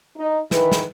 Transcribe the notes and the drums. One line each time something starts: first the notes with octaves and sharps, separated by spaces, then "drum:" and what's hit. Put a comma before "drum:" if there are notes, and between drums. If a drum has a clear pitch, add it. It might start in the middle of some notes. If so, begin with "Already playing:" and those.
D#4
D#3 E3 B4, drum: snare
drum: snare